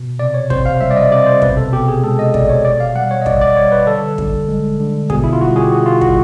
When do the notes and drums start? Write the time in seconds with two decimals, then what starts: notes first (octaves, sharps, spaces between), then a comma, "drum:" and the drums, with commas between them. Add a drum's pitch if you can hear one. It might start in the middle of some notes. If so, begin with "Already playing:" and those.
Already playing: B2
0.19 C3 D5
0.34 C#5
0.50 C3 C5, drum: kick
0.66 F5
0.81 G3 E5
0.91 D5
0.96 D#5
1.11 C3 D5
1.26 C5
1.42 B2 B4, drum: kick
1.57 A4
1.73 B2 G4
1.88 G#4
2.03 G#3 A4
2.19 D#5
2.34 B2 D5, drum: kick
2.49 C#5
2.65 B2 D5
2.80 F5
2.95 G3 F#5
3.11 C#5
3.22 D#5
3.26 G3 D5, drum: kick
3.41 D5
3.56 G3 C#5
3.72 B4
3.87 D3 A4
4.18 D3, drum: kick
4.49 G#3
4.80 D3
5.10 B2 G#4, drum: kick
5.24 E4
5.33 F4
5.41 G3 F#4
5.56 G#4
5.64 G4
5.72 B2 F#4
5.86 F4
6.01 G3 F#4, drum: kick